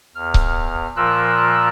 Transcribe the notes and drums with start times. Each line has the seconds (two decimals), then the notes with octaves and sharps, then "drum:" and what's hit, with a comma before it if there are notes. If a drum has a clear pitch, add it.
0.15 E2 F6
0.34 drum: kick C#1
0.96 A#2 F3 F4 A#4 E6 F#6